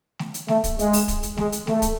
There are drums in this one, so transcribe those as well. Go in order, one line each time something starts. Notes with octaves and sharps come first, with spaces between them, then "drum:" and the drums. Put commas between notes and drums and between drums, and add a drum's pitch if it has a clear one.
drum: snare A3
drum: hi-hat
A3, drum: snare A3
drum: kick, hi-hat
G#3, drum: hi-hat
drum: open hi-hat
drum: kick, hi-hat
drum: hi-hat
G#3, drum: snare A3
drum: hi-hat
A3, drum: snare A3
drum: kick, hi-hat